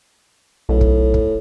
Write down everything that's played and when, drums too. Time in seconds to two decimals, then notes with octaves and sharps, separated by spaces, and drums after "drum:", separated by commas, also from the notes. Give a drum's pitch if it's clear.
0.69 B1 A2
0.81 drum: kick
1.14 drum: kick